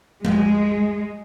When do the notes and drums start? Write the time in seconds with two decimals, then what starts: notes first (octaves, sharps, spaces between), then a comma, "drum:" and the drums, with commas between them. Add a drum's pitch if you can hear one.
0.25 G#3, drum: tom G#3